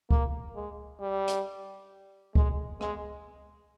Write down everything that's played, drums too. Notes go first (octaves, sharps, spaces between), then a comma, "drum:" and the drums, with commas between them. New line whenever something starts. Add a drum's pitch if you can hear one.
A#3, drum: kick C#2
G#3
G3
drum: hi-hat
G#3, drum: kick C#2
G#3, drum: rim click